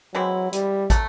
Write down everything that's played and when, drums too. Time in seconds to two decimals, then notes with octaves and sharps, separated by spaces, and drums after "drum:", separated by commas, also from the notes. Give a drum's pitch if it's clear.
0.14 E3 F#3 G#3 C4 E4
0.53 G3, drum: hi-hat
0.90 F#3 A3, drum: kick, hi-hat